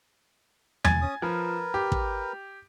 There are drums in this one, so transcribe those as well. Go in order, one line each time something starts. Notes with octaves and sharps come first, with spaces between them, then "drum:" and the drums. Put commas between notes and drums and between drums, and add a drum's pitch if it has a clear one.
G#5 G#6 A6, drum: tom E2
C#4 D#6
F3 A#4 B4
G4
drum: kick